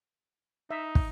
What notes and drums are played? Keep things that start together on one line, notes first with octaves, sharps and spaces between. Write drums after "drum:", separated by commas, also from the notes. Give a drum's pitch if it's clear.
D#4 E5
drum: kick